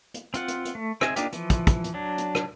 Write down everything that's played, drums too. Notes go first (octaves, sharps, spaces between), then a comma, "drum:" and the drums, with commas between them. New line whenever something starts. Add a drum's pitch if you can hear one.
drum: hi-hat
C4 F4 F#5, drum: hi-hat
drum: hi-hat
drum: hi-hat
A3
C4 G#4 D#5 E5 G#5, drum: rim click
A#3 D4 D#4 F4 G4, drum: hi-hat
E3 F3, drum: hi-hat
drum: kick, hi-hat
drum: kick, hi-hat
drum: hi-hat
F#3 D4
drum: hi-hat
drum: rim click